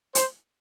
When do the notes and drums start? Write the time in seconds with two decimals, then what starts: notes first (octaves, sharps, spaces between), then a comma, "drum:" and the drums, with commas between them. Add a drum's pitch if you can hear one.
0.15 C5, drum: hi-hat